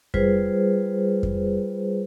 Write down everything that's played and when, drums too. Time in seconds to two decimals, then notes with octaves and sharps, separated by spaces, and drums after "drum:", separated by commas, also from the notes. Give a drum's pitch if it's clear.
0.14 G3 F4 G#4 B4 C5, drum: kick F2
1.23 drum: kick F2